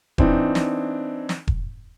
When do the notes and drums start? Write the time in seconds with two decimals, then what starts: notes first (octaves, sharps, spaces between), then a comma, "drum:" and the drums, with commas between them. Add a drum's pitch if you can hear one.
0.18 E3 C4 D4 D#4, drum: kick E1
0.55 drum: snare
1.29 drum: snare
1.48 drum: kick E1